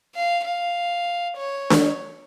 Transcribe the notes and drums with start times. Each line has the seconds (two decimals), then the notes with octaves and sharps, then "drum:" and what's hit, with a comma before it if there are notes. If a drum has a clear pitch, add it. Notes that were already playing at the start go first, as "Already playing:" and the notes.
0.15 F5
0.45 F5
1.37 C#5
1.70 drum: snare D4